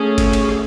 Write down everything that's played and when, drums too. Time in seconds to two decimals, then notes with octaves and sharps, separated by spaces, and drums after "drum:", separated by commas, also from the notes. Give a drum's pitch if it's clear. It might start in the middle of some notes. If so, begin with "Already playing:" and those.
Already playing: A3 C#4 G#4
0.18 drum: kick G1, cymbal
0.33 drum: cymbal
0.49 drum: rim click